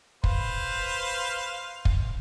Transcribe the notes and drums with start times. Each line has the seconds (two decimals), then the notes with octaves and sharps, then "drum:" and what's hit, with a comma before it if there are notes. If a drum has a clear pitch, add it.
0.24 B4 C5 F5, drum: kick
1.85 drum: kick